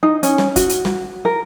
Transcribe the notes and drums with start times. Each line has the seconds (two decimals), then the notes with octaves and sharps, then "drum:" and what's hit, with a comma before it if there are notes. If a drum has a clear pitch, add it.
0.03 D#4
0.23 C#4, drum: hi-hat
0.38 drum: snare
0.56 F#4, drum: kick F#1, hi-hat
0.69 drum: hi-hat
0.85 drum: snare
1.25 A#4